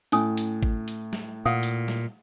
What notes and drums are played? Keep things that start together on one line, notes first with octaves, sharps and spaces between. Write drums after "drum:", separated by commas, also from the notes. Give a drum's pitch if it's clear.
A2 C#4 G#5 D#6, drum: hi-hat
drum: hi-hat
drum: kick G#1
drum: hi-hat
drum: snare
A#2 F5 F#5 D#6
drum: hi-hat
drum: snare